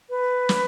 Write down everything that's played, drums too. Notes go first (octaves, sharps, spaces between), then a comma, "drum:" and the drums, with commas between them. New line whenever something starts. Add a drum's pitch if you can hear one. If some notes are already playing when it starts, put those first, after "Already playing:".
B4
drum: snare